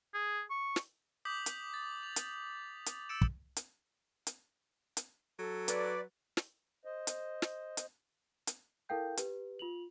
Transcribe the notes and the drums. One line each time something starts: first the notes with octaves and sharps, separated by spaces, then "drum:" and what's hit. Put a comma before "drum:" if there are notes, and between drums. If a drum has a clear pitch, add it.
G#4
C#6
drum: snare
D6 D#6 G6 B6 F#7
drum: hi-hat
A6
F7
drum: hi-hat
drum: hi-hat
E6 A6 C#7 D7 E7
drum: kick
drum: hi-hat
drum: hi-hat
drum: hi-hat
F#3 A4
B4 D5, drum: hi-hat
drum: snare
C5 D#5
drum: hi-hat
drum: snare
drum: hi-hat
drum: hi-hat
E4 A4 A#4 F5 G5 G6
G4 B4, drum: hi-hat
F4 F7 F#7